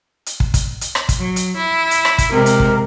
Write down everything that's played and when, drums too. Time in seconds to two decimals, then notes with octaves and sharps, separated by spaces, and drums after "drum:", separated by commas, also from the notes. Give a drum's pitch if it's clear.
0.26 drum: hi-hat
0.40 drum: kick
0.54 drum: kick, hi-hat
0.81 drum: hi-hat
0.95 drum: rim click
1.09 drum: kick, hi-hat
1.18 F#3
1.36 drum: hi-hat
1.57 E4
1.91 drum: hi-hat
2.05 drum: rim click
2.18 drum: kick, hi-hat
2.32 C3 G#3 A#4
2.46 drum: hi-hat
2.60 drum: kick